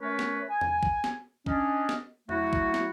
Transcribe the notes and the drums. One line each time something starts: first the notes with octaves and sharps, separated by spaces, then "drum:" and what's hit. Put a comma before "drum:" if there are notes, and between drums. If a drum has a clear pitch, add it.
A3 C#4 A#4 B4 C#5
drum: snare
G#5
drum: tom E2
drum: kick
drum: snare
C#4 D4 D#5, drum: kick
drum: snare
F#3 A3 E4 F#4, drum: tom E2
drum: kick
drum: snare